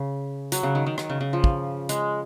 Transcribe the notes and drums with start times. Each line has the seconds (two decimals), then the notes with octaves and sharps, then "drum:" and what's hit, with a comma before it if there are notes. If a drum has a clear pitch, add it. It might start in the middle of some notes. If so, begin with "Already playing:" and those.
Already playing: C#3
0.52 F#3, drum: hi-hat
0.63 C#3
0.75 D#3
0.86 D#3
0.98 D#3, drum: rim click
1.10 C#3
1.21 C#3
1.33 F3
1.44 drum: kick
1.89 G#3, drum: hi-hat